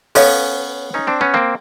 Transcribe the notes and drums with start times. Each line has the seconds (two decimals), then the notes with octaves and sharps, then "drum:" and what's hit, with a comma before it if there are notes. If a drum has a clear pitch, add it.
0.15 B3 C#4 A4 C#5 F5, drum: open hi-hat
0.94 C#4 D#4
1.07 C4 D4
1.21 B3 C#4
1.34 A#3 C4